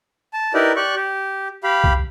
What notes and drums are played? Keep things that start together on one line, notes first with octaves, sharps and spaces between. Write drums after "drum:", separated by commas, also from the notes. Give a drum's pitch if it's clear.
A5
D#4 E4 G4 A#4 B4 D5
G4 D5 C#6 F#6
G4
G4 F5 B5
drum: kick C2